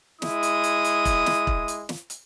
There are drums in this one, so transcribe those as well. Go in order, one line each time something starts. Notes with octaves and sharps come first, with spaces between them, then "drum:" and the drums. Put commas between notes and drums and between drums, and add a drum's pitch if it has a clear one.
G#3 E4 D#6, drum: snare
drum: hi-hat
drum: hi-hat
drum: hi-hat
drum: kick E1, hi-hat
drum: snare
drum: kick E1
drum: hi-hat
drum: snare
drum: hi-hat